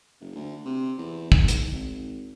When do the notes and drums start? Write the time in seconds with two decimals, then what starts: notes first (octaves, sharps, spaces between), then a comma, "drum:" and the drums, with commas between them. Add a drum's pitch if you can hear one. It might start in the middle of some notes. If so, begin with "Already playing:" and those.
0.21 F#1
0.35 D2
0.65 C3
0.98 E2
1.32 G#2, drum: kick
1.48 drum: hi-hat
1.73 G#1